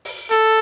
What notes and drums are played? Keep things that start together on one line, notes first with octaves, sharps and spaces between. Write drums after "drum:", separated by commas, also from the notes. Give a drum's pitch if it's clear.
drum: open hi-hat
A4, drum: hi-hat